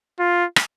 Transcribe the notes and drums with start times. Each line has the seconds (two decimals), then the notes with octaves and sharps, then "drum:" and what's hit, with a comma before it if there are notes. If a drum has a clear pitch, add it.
0.19 F4
0.56 drum: rim click